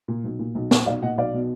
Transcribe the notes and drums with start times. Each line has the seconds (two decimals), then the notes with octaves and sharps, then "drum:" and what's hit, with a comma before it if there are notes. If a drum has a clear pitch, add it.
0.08 A#2
0.24 B1
0.39 A#2
0.55 B1
0.71 A#2, drum: snare
0.86 B1 D5 F5
1.02 A#2 D#5 F#5
1.18 B1 D5 F5
1.33 B2